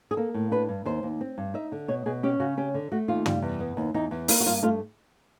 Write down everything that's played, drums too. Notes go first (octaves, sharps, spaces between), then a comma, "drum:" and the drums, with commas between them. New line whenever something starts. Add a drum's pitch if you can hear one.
G#4
A#3 A4
A2
D4 B4
G2
D#2 C5
D#2
C4
G2
D#4 E5
D3
B2 C#5
B2 G#4
C#4 G4
C#3 F#4
C#4 G4
D3
A3 F#4
D#2 F4
G3, drum: tom
E2
B3
D#2
E2 D#4
E2
A#3 E4, drum: open hi-hat
F#4
G2 F4
A3 F4